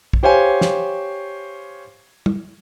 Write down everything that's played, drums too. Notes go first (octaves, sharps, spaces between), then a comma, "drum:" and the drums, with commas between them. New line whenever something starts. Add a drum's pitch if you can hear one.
drum: kick
G4 C5 C#5 F5 G#5
drum: snare
drum: tom